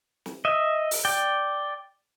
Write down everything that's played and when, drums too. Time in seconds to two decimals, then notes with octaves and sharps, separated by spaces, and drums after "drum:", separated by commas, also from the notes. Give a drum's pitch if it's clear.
0.26 drum: snare
0.45 D#5 E5
0.91 drum: open hi-hat
1.05 D5 G5